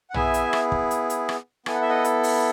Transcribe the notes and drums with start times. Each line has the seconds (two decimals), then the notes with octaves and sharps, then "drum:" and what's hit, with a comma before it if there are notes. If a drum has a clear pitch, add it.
0.10 F#5
0.14 B3 E4 G#4 E5 G#5, drum: tom
0.34 drum: hi-hat
0.53 drum: rim click
0.72 drum: kick
0.91 drum: hi-hat
1.10 drum: hi-hat
1.29 drum: rim click
1.66 B3 E4 A4 G#5, drum: rim click
1.75 F#5
1.82 E5
1.89 D#5 F#5
2.04 drum: hi-hat
2.23 drum: open hi-hat